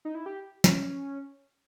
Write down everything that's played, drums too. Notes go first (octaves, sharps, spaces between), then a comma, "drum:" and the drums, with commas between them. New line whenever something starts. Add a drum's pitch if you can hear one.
D#4
E4
G4
C#4, drum: snare